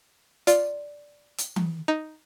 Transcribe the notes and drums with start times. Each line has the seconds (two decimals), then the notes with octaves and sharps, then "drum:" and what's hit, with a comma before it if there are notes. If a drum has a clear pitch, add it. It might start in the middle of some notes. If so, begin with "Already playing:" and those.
0.47 F4 D5, drum: hi-hat
1.38 drum: hi-hat
1.56 drum: tom E3
1.88 D#4